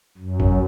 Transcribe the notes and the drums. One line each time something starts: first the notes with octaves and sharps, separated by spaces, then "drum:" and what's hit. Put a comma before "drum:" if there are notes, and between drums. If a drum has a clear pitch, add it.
F#2
drum: kick G1